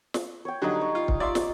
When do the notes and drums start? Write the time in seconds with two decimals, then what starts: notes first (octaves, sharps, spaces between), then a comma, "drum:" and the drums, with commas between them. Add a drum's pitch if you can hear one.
0.14 drum: snare
0.45 C#5 G5
0.62 D3 F#3 G3 D#4
0.81 C#6
0.95 F4
1.08 drum: kick
1.20 F4 D5 E5 C6
1.35 drum: snare